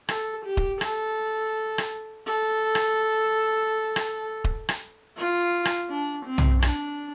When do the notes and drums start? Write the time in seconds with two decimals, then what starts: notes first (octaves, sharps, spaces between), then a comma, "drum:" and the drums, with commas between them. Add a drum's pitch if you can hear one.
0.09 A4, drum: rim click
0.45 G4
0.57 drum: kick D#1
0.81 A4, drum: rim click
1.78 drum: rim click
2.27 A4
2.75 drum: rim click
3.96 drum: rim click
4.44 drum: kick D#1
4.69 drum: rim click
5.17 F4
5.65 drum: rim click
5.90 D4
6.25 C4
6.38 drum: tom
6.62 D4, drum: rim click